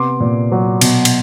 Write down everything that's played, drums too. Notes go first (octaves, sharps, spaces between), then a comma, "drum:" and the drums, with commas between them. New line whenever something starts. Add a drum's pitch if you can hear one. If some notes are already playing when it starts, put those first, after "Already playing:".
Already playing: C3 B3 C6 D6
A#2
F#3
B2, drum: cymbal
drum: cymbal